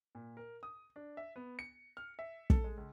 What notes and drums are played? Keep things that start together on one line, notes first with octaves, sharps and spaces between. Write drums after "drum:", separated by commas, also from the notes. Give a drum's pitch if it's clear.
A#2
A#4
D#6
D4
E5
B3
C#7
F6
E5
A4, drum: kick
G#3
C#2